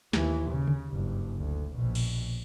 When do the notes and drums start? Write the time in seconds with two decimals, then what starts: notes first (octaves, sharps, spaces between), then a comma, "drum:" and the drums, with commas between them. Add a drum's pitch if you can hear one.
0.13 D#2 E3, drum: snare
0.50 C#3
0.67 drum: tom C#3
0.92 F#1 G2
1.37 D2
1.75 A#1 B2
1.95 drum: cymbal